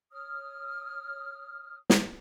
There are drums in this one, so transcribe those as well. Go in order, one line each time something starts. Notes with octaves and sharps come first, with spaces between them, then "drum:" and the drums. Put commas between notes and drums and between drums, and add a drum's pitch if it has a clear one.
C#5 D#6 F6
drum: snare